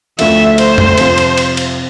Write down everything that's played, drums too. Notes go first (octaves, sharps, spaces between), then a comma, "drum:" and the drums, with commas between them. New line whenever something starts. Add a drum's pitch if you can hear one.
D2 D3 F3 E5, drum: cymbal
C5, drum: cymbal
drum: tom
F2 C3 F3, drum: cymbal
drum: cymbal
drum: cymbal
drum: cymbal